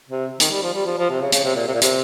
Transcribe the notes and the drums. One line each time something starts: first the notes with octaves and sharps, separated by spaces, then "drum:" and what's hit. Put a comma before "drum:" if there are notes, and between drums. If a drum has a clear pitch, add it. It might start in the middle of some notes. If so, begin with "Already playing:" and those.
C3
D#3, drum: hi-hat
G3
F3
G3
F3
F3
C3
C#3
C#3, drum: hi-hat
C3
A#2
C3
A#2
C3, drum: hi-hat